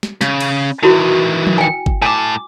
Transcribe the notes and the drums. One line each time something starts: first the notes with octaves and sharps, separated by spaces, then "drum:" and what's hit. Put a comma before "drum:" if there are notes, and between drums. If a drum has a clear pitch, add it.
drum: snare
C#3, drum: snare
drum: cymbal
D#3 E3 E4 F#4
drum: tom F3
G5 G#5
drum: kick
A2 G#5 A5 D6